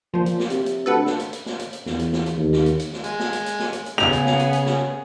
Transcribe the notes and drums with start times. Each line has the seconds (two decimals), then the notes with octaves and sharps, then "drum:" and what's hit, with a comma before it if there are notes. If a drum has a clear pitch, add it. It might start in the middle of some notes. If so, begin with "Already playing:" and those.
0.14 A#2 F3 C5
0.26 drum: hi-hat
0.39 drum: snare
0.50 C3, drum: hi-hat
0.66 drum: hi-hat
0.86 D2 A4 B4 F#5
1.06 drum: snare
1.19 drum: hi-hat
1.33 drum: hi-hat
1.46 drum: snare
1.59 drum: hi-hat
1.73 drum: hi-hat
1.86 E2, drum: snare
1.99 drum: hi-hat
2.13 drum: snare
2.26 drum: hi-hat
2.36 D#2
2.53 drum: snare
2.66 drum: hi-hat
2.79 drum: hi-hat
2.93 drum: snare
3.04 G#3, drum: hi-hat
3.19 drum: snare
3.33 drum: hi-hat
3.46 drum: hi-hat
3.59 drum: snare
3.73 drum: hi-hat
3.86 drum: hi-hat
3.98 C#3 B3 G#4 F7, drum: snare
4.13 drum: hi-hat
4.26 drum: snare
4.39 drum: hi-hat
4.53 drum: hi-hat
4.66 drum: snare